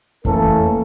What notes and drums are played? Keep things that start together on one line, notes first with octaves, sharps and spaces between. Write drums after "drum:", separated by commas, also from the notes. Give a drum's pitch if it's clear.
E3 A3 A#3 C#4 A4 A#4, drum: kick F2